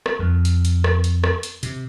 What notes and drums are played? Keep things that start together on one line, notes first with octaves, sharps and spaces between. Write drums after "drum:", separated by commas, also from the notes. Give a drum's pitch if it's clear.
drum: rim click
F2
drum: hi-hat
drum: hi-hat
drum: rim click
drum: hi-hat
drum: rim click
drum: hi-hat
C3, drum: hi-hat